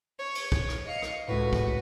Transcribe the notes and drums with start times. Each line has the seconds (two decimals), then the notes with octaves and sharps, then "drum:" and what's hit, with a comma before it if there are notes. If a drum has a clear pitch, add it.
0.19 C#5
0.35 drum: cymbal
0.52 drum: kick
0.69 drum: rim click
0.85 D#5 F5 C#7
1.02 drum: rim click
1.28 C#2 A2 F#4 B4
1.53 drum: kick